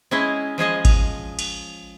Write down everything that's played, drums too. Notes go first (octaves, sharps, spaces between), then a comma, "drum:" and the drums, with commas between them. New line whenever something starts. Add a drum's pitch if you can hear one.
G#3 C#4 E4 G#4 D#5
F3 G#3 G#4 D#5
drum: kick G#1, cymbal
drum: cymbal